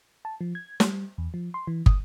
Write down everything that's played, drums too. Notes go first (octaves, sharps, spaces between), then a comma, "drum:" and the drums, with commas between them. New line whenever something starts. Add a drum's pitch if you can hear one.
A5
F3
G#6
G3, drum: snare
E2
F3
C6
E3
D#6, drum: kick